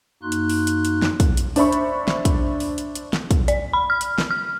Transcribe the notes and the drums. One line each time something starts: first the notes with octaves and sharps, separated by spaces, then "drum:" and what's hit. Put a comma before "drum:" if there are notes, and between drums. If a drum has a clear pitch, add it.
F#2 A#3 D#4 F#4 C6 F#6
drum: hi-hat
drum: open hi-hat
drum: hi-hat
drum: hi-hat
drum: snare
drum: kick, hi-hat
drum: hi-hat
D4 C5 E5 B5 C#6, drum: open hi-hat
drum: hi-hat
drum: snare
drum: kick, hi-hat
drum: open hi-hat
drum: hi-hat
drum: hi-hat
drum: snare
drum: kick, hi-hat
D5, drum: hi-hat
B5
F6
drum: hi-hat
drum: snare
F6